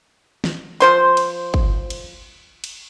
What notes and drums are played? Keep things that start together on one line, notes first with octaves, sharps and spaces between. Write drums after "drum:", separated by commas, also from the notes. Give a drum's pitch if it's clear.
drum: snare
F3 C5 C6
drum: cymbal
drum: kick
drum: cymbal
drum: cymbal